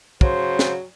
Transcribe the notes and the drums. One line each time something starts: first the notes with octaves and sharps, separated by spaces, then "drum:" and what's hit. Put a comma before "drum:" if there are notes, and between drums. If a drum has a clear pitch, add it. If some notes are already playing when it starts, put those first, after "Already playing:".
C#3 F#3 C5, drum: kick
drum: snare